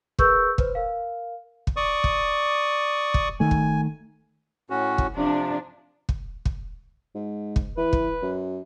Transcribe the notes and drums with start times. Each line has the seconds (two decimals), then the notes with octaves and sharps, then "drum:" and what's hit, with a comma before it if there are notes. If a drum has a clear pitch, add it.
0.19 G#4 A#4 B4 C#6 E6 G6, drum: kick
0.58 B4 C5, drum: kick
0.75 A#4 F5
1.67 drum: kick
1.77 D5 C#6 D#6
2.04 drum: kick
3.14 drum: kick
3.40 D#3 A3 G#5
3.51 drum: kick
4.70 A2 C#4 F#4
4.98 drum: kick
5.16 C3 F3 D4
6.09 drum: kick
6.45 drum: kick
7.15 G#2
7.56 drum: kick
7.77 E3 B4
7.93 drum: kick
8.22 F#2